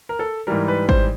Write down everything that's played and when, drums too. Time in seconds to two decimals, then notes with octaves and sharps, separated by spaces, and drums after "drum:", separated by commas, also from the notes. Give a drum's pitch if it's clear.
0.09 A#4
0.19 A4
0.47 G#2 E3 G3 A#4
0.68 B4
0.89 C5, drum: kick G#1